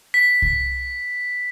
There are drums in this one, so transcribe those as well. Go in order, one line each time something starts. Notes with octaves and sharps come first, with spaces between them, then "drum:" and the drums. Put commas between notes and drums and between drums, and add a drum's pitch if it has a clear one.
B6
drum: kick C2